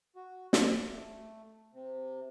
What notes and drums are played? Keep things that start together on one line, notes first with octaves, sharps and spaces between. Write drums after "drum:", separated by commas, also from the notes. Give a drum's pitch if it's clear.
F#4
D5, drum: snare
A3
C3